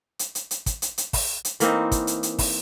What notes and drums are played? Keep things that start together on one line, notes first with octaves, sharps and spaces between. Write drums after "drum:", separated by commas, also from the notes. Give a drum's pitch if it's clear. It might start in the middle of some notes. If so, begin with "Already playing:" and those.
drum: hi-hat
drum: hi-hat
drum: hi-hat
drum: kick, hi-hat
drum: hi-hat
drum: hi-hat
drum: kick, open hi-hat
drum: hi-hat
E3 A#3 C4 D#4, drum: hi-hat
drum: kick, hi-hat
drum: hi-hat
drum: hi-hat
drum: kick, open hi-hat